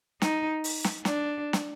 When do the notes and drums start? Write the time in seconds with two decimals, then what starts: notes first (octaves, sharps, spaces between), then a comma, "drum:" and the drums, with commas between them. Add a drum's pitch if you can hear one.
0.22 D#4, drum: snare
0.64 drum: open hi-hat
0.84 drum: snare
1.05 D4, drum: snare
1.53 drum: snare